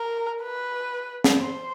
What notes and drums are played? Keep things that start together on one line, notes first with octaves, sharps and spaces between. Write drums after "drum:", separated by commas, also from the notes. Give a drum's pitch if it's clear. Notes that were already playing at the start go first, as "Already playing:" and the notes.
Already playing: A#4
B4
drum: snare
C5